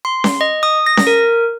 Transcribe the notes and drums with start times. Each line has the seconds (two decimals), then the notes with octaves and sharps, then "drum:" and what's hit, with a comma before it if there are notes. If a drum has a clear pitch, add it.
0.05 C6
0.24 drum: snare C#4
0.41 D#5
0.63 D#6
0.86 A#6
0.97 drum: snare C#4
1.07 A#4